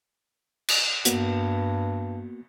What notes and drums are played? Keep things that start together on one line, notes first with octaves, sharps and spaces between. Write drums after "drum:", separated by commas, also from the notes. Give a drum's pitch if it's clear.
drum: cymbal
G2 A#3 B3 F#4, drum: hi-hat